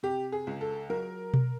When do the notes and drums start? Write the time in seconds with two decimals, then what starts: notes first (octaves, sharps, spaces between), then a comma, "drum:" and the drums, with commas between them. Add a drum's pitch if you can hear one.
0.03 C3 G4
0.32 G#4
0.47 C#2
0.61 A4
0.90 F#3 A#4
1.34 drum: tom B2